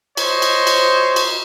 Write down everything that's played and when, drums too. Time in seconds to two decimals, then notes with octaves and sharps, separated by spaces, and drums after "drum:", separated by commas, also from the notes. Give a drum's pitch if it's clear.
0.17 C5 C#5 D#5, drum: cymbal
0.42 drum: cymbal
0.67 drum: cymbal
1.16 drum: cymbal